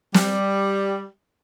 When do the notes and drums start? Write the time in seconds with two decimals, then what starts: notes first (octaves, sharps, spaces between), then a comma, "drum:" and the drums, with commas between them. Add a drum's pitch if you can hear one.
0.14 G3, drum: snare